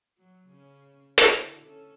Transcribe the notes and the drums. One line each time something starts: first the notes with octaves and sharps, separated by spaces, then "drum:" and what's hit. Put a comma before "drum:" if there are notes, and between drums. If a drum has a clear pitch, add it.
F#3
C#3 C#4
D3 E4 F#4, drum: hi-hat
C#4 A4